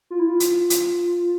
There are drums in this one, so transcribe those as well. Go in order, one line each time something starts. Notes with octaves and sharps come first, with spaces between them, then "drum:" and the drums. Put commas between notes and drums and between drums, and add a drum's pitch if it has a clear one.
F4
E4
F4
drum: hi-hat
drum: hi-hat